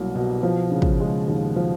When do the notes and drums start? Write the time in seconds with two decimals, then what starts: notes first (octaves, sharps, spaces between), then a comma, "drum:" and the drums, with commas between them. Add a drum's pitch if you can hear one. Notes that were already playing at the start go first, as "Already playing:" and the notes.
Already playing: C2 B2 F#3 A#3
0.15 B2
0.43 F3
0.72 C#3
0.82 drum: kick
1.00 G#3
1.28 D#2
1.56 F3